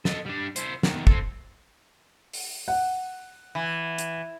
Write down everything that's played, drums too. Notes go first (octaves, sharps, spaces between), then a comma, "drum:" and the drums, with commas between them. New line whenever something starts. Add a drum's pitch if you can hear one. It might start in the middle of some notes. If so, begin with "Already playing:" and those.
A4 D#5, drum: snare
G3 D4
E4 C5, drum: hi-hat
E2 D#3, drum: snare
C4 A4, drum: kick
drum: open hi-hat
F#5
E3
drum: hi-hat